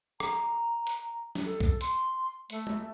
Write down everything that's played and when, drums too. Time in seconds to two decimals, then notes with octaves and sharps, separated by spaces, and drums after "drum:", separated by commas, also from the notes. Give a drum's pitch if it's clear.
0.20 A#5, drum: rim click
0.87 drum: hi-hat
1.35 drum: snare
1.45 A4
1.60 drum: kick B1
1.81 C6, drum: hi-hat
2.50 A3, drum: hi-hat
2.67 drum: tom G#3